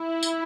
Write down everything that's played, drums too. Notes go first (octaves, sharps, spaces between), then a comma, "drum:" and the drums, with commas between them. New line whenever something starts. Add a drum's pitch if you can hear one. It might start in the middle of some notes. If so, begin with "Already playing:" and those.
Already playing: E4
drum: tambourine